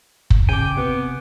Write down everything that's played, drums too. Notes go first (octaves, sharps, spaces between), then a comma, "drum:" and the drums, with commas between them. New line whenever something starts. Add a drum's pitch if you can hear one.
drum: kick
C#3 G5 G#5 D6
C3 B3